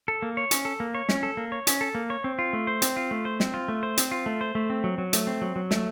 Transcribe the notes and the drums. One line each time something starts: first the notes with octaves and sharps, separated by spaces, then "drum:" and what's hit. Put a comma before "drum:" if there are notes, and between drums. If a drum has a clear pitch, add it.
A4
A#3
C#5
C#4, drum: hi-hat
A4
A#3
C#5
C#4, drum: snare
A4
A#3
C#5
C#4, drum: hi-hat
A4
A#3
C#5
C4
F4
A3
C5
C4, drum: hi-hat
F4
A3
C5
C4, drum: snare
F4
A3
C5
C4, drum: hi-hat
F4
A3
C5
A3
C4
F#3
F#3
A3, drum: hi-hat
C4
F#3
F#3
A3, drum: snare